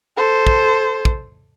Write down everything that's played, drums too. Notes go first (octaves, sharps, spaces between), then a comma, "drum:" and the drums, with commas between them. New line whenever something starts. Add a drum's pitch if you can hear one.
A4 C5
drum: kick
drum: kick